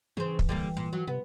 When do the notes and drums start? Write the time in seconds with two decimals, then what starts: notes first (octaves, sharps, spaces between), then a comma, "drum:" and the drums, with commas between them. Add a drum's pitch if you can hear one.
0.17 C#3 E3 C4
0.39 drum: kick
0.49 D3 G3 A#3
0.77 A#2
0.93 F#3
1.07 C3 B3